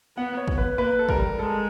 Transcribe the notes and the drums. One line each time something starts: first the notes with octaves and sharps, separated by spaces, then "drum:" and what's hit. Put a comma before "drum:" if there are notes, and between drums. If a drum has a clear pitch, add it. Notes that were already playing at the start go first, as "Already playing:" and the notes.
B3 F#5
C#5
drum: kick
B4
A#3 B4
A4
G3 A#4, drum: kick
G#3 A4